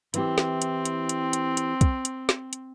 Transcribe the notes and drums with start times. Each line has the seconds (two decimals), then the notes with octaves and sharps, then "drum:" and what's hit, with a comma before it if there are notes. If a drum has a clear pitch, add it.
0.14 E3 C4 E4 G4, drum: hi-hat
0.38 drum: snare
0.62 drum: hi-hat
0.85 drum: hi-hat
1.09 drum: hi-hat
1.33 drum: hi-hat
1.57 drum: hi-hat
1.81 drum: kick, hi-hat
2.05 drum: hi-hat
2.29 drum: snare
2.53 drum: hi-hat